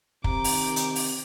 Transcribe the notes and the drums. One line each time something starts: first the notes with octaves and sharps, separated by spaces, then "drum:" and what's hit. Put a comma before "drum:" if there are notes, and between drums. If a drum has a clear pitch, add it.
C3 D#3 G5 A#5 D6, drum: kick
drum: open hi-hat
drum: hi-hat
drum: open hi-hat